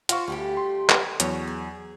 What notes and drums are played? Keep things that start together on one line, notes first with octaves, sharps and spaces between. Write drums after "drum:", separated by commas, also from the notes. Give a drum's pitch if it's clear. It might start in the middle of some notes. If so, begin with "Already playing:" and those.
F4 F#4 C5 F5 C#6, drum: hi-hat
D2 G3 A3 G4
C6
drum: clap
E2 F#3 C#4 C#5, drum: hi-hat
G#4